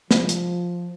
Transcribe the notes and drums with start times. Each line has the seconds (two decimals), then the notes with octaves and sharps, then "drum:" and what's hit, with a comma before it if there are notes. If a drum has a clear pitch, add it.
0.11 F3, drum: snare
0.29 drum: hi-hat